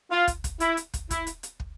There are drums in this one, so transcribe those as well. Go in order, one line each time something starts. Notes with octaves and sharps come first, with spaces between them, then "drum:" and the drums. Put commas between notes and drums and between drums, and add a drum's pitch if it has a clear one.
F4
drum: kick, hi-hat
drum: kick, hi-hat
E4, drum: hi-hat
drum: hi-hat
drum: kick, hi-hat
E4, drum: kick, hi-hat
drum: hi-hat
drum: hi-hat
drum: kick